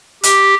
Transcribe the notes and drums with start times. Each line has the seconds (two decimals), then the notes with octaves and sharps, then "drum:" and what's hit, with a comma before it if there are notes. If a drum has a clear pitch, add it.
0.23 G4, drum: hi-hat